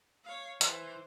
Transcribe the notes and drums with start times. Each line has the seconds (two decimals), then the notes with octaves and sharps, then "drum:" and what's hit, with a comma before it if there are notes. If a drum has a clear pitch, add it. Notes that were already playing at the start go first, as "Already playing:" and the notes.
0.24 C#5 F5
0.61 E3 C5, drum: hi-hat